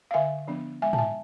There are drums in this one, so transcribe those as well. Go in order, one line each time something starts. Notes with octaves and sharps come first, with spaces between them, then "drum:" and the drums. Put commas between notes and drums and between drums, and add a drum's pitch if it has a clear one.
F5
D3 E5 G#5
F3 B3 D4
G#3 E5 G#5
A5, drum: tom
E5 G#5